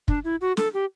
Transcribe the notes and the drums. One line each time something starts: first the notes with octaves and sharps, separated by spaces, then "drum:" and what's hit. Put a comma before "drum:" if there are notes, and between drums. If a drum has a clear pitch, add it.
D4, drum: kick
E4
F#4
A4, drum: snare
G4